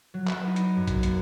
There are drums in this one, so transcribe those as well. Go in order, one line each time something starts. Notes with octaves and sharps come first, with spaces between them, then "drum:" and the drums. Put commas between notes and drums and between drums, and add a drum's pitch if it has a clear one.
F#3
B4, drum: clap
D#4
drum: hi-hat
F#2
drum: kick A#1, hi-hat
A#3, drum: hi-hat